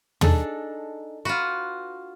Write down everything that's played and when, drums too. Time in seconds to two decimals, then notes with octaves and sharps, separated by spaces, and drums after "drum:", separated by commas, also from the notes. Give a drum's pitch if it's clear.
0.21 D4 D#4 G#4 A4, drum: tom
1.25 F4 F#4 B4